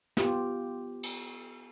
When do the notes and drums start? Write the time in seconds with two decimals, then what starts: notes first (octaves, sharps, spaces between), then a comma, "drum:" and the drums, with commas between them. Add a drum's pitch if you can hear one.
0.17 B3 F4 G4, drum: snare
1.03 drum: cymbal